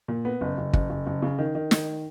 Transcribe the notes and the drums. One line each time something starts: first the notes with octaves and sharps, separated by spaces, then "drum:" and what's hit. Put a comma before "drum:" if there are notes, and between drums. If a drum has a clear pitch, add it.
A#2
B3
F#1
F#1
F#1, drum: kick
F#1
F#1
C#3
D#3
D#3
D#3, drum: snare